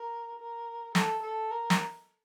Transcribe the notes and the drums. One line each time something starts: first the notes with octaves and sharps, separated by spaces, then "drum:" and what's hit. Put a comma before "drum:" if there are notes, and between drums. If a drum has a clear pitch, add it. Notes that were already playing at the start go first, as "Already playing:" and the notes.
Already playing: A#4
A#4
A4, drum: snare
A4
A#4
drum: snare